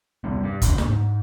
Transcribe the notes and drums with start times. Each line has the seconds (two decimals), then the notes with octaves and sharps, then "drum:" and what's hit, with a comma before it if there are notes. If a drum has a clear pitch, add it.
0.24 C3 G3 B3
0.43 G2
0.62 D#1 C#2 D3 D4, drum: kick F#1, hi-hat
0.78 drum: snare
0.87 G#2